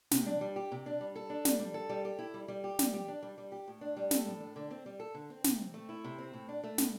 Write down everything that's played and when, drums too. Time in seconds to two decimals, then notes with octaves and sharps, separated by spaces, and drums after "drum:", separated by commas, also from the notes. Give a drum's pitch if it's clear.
0.11 C3, drum: snare
0.26 D4
0.41 G3
0.56 G4
0.72 C3
0.86 D4
1.01 G3
1.16 A4
1.30 D4
1.45 G3, drum: snare
1.59 G3
1.74 A4
1.89 G3
2.05 G4
2.19 E4
2.34 G3
2.48 G3
2.64 G4
2.79 G3, drum: snare
2.94 G4
3.08 D4
3.23 G3
3.38 G3
3.52 G4
3.68 A2
3.81 D4
3.97 G3
4.11 A4, drum: snare
4.26 A2
4.40 D4
4.56 D3
4.71 C4
4.86 G3
5.00 A4
5.14 D3
5.30 C4
5.44 C3, drum: snare
5.60 C4
5.74 A3
5.89 E4
6.04 C3
6.18 C4
6.33 A2
6.49 D4
6.64 A3
6.78 A2, drum: snare